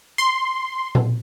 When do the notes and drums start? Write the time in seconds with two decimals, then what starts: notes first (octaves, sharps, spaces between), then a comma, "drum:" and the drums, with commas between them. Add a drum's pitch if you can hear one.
0.18 C6
0.95 drum: tom A#2